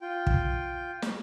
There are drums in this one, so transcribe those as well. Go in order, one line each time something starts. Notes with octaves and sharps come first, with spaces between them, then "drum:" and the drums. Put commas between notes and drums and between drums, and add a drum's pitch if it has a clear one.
F4 G5
drum: kick
drum: snare